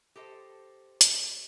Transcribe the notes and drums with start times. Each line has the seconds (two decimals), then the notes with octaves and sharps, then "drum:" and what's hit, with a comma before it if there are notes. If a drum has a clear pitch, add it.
0.16 G4 A4 C5 D#5
1.01 drum: hi-hat